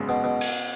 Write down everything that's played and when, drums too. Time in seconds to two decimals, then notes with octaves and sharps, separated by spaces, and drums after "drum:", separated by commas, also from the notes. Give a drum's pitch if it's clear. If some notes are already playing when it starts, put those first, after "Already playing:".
Already playing: G#1 F#2 C#3 G#3 B3
0.09 B2
0.24 B2
0.41 drum: cymbal